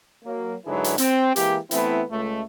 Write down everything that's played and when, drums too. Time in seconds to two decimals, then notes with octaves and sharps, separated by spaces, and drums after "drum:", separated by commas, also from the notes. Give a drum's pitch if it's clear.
0.24 F#3 A#3
0.66 G#2 D3 F#3 E4 G#4 B4
0.84 drum: hi-hat
0.98 C4, drum: hi-hat
1.36 E3 G#3 A#3 G4, drum: hi-hat
1.71 E3 A3 B3 C4 E4, drum: hi-hat
2.11 C#2 A3